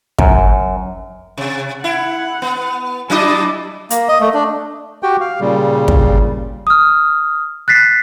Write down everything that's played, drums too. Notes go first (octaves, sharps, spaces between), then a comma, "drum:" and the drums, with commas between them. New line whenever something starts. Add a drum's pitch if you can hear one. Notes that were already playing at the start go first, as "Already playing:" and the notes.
F#2, drum: kick
C3
E4 F#5
B3
F#3 D4 E4 D#5 D6
A#3, drum: hi-hat
D#5
A3
D4
F#4 G4 G5
F5
A#2 C#3 G3
drum: kick
D#6 F6
F#6 A6 B6 C7